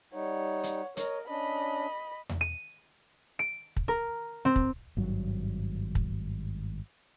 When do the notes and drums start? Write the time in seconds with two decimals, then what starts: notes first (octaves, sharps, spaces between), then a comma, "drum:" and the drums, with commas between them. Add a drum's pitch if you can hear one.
0.14 G3 D#4 C#5 F#5
0.63 drum: hi-hat
0.97 A#4 C#5 D#5, drum: hi-hat
1.28 C#4 D4 D#5 B5
2.29 drum: tom E2
2.41 D#7
3.39 D7
3.77 drum: kick
3.88 A#4
4.45 C4
4.56 drum: kick
4.97 G#1 G2 F#3
5.95 drum: kick